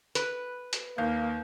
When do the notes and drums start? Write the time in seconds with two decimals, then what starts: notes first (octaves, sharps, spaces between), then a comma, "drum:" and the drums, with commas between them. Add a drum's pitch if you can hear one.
0.15 B4, drum: hi-hat
0.73 drum: hi-hat
0.98 D#2 A#3 F5 G6